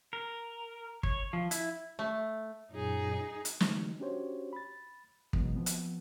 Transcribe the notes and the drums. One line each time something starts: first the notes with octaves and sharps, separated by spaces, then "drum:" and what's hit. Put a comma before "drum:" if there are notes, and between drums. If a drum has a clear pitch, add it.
A#4
C#5, drum: kick
F3
E4, drum: hi-hat
A3
F#2 A#2 F#3 D#4 G#4
drum: hi-hat
D3 E3 F#3 G#3 A3 D#4, drum: snare
C#4 D4 F#4 G4 C5 C#5
B5 A6
B2 D#3 E3 F#3 G#3 B3, drum: kick
F3 B3 C4
drum: hi-hat